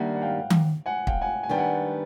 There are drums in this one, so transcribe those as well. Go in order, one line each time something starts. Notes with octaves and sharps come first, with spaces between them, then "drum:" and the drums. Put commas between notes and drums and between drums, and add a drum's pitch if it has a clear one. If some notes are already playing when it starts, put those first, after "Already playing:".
Already playing: D#3 G3 A#3 D4 E5 F#5
F#5
F5 G5
drum: tom D#3
F#5 G#5
F5 G5, drum: kick
F#5 G#5
G#5
D#3 G3 B3 D4 G5
F#5 G#5